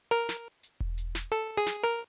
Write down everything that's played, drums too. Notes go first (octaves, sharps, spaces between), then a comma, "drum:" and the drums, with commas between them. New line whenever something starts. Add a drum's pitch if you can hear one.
A#4
drum: snare
drum: hi-hat
drum: kick E1
drum: hi-hat
drum: snare
A4, drum: hi-hat
G#4
drum: snare
A#4